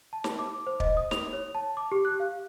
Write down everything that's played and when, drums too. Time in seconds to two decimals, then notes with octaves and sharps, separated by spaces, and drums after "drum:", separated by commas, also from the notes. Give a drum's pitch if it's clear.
0.13 A5
0.24 drum: snare
0.39 D6
0.67 C5
0.80 D#5, drum: kick
0.97 D#6
1.11 F7, drum: snare
1.33 C#5
1.55 A5
1.77 D6
1.92 G4
2.05 F#6
2.20 F5